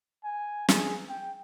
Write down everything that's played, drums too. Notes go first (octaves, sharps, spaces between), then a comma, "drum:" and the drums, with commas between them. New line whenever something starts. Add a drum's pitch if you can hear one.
G#5
G#4, drum: snare
G5